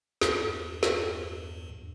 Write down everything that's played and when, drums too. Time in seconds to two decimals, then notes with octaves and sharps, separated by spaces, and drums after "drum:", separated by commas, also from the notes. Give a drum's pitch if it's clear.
0.22 E2 G2, drum: snare
0.83 drum: snare